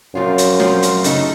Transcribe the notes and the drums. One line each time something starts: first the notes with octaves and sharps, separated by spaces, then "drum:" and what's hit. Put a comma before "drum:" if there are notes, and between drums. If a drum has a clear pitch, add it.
F#2 A#2 F3 C4 F4
drum: hi-hat
A#2 F3 C4 F4, drum: snare
drum: hi-hat
C#3 A3 D#4 A4, drum: hi-hat